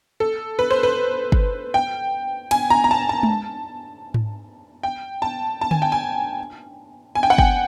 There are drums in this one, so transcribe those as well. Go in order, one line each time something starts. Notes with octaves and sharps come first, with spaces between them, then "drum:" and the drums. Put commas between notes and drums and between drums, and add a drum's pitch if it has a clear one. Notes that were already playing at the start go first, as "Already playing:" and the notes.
A4
B4
C5
B4
drum: kick
G5
G#5, drum: cymbal
A#5
A#5
A5
A5
drum: tom G#3
drum: tom G#2
G5
A5
A5
G#5, drum: tom D3
G5
G#5
G#5
G5
F#5
G5, drum: kick